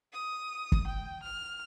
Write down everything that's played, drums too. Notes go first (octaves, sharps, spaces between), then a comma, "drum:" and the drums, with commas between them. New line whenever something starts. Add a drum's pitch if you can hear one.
D#6
drum: kick
G5
F6